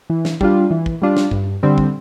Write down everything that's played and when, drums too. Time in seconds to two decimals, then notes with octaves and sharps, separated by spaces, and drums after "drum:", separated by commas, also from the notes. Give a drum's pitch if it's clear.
0.10 E3
0.25 drum: snare
0.41 G3 D4 F4, drum: kick
0.71 E3
0.86 drum: kick
1.02 G3 D4 F4
1.17 drum: snare
1.31 G2, drum: kick
1.63 D3 G3 C4
1.78 drum: kick